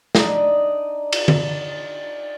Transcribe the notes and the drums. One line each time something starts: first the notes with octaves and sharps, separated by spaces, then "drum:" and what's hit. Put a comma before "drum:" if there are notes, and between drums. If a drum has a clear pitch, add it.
D4 D#4 D5 D#5, drum: snare
drum: cymbal
drum: tom D3